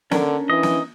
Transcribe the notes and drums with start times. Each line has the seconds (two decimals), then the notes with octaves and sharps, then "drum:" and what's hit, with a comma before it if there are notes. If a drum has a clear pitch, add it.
0.11 D3 C#4 D4 A#4, drum: snare
0.50 E3 D#5
0.63 drum: snare